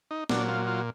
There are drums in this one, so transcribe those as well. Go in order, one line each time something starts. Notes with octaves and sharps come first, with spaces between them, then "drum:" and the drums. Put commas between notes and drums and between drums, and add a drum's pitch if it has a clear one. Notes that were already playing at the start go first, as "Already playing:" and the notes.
D#4
A#2 F#3 D4, drum: snare
F4
F4